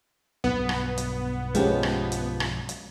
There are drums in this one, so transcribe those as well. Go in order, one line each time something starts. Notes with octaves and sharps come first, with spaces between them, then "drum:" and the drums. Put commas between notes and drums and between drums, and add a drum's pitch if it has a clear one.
B1 G2 B3
drum: rim click
drum: hi-hat
F3 G#3 C#4 G4, drum: hi-hat
drum: rim click
drum: hi-hat
drum: rim click
drum: hi-hat